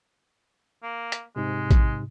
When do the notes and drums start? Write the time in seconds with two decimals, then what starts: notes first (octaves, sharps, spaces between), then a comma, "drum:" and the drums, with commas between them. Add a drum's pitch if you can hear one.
0.83 A#3
1.12 drum: hi-hat
1.36 G#2 C3 G#3
1.71 drum: kick A1, hi-hat